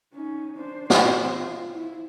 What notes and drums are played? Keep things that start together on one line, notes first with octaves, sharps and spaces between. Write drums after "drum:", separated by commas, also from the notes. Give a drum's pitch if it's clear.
C#4 D#4
D4 C5
C5, drum: snare
F4
E4